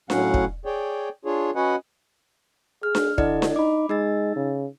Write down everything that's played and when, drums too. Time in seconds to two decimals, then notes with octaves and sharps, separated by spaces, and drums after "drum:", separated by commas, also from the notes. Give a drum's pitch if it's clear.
0.10 A2 F#3 C#4 F5 F#5, drum: snare D4
0.34 drum: kick
0.65 G#4 C#5 D5 G5
1.25 D4 F4 G#4 C#5
1.56 C#4 F#4 B4 D#5 F#5 G#5
2.83 G#4 F6
2.95 drum: snare D4
3.18 D3 E4 D5 D#5, drum: kick
3.42 drum: snare D4
3.56 D#4 B5 D6
3.89 G#3 D#4 E6 A6
4.36 C#3